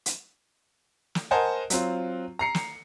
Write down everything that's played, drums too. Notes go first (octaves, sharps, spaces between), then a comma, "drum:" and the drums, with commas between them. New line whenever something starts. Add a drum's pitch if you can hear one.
drum: hi-hat
drum: snare
A#4 C5 D#5 F#5 G#5 A5
F#3 C4 F4, drum: hi-hat
A#5 C7 C#7
drum: snare